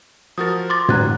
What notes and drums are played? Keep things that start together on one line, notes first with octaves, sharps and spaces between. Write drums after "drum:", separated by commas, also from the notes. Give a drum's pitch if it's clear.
F3 F#4 A#4 D#6 A6
C6 D6 A6
D#3 C#4 A#5 F#6 G#6, drum: tom